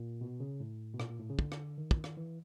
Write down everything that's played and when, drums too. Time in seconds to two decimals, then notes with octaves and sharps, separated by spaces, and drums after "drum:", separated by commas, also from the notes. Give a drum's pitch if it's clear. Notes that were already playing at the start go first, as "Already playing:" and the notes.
Already playing: A#2
0.21 B2
0.40 C#3
0.60 A2
0.94 B2
1.00 A#2, drum: rim click
1.10 A#2
1.19 A2
1.29 C#3
1.39 D3, drum: kick
1.52 drum: rim click
1.78 D#3
1.91 drum: kick
2.04 drum: rim click
2.17 E3